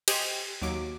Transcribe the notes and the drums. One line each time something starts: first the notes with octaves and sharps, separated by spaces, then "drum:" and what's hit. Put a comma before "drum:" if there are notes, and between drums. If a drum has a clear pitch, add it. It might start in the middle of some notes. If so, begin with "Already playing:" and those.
G4 C5 D#5 G#5, drum: cymbal
D#2 F#3 D6